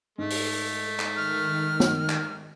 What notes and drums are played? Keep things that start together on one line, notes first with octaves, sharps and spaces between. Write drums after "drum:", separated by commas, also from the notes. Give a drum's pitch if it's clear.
G#2 A3
drum: open hi-hat
drum: clap
D#3 F6
drum: snare
drum: clap